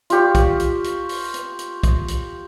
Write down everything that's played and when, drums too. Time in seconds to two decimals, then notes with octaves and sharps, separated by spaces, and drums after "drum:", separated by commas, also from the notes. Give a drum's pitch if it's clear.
0.10 F4 G4 C#6, drum: hi-hat
0.35 drum: kick B1, hi-hat
0.60 drum: hi-hat
0.84 drum: hi-hat
1.09 drum: open hi-hat
1.34 drum: hi-hat
1.59 drum: hi-hat
1.83 drum: kick B1, hi-hat
2.08 drum: hi-hat